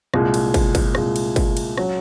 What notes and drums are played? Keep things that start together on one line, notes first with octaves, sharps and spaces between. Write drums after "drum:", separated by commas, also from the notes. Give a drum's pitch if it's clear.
C2 A#2 G#3, drum: rim click
drum: cymbal
drum: kick, cymbal
drum: kick, cymbal
C2 A#2 G#3, drum: rim click
drum: cymbal
drum: kick, cymbal
drum: cymbal
F#3 C#4, drum: rim click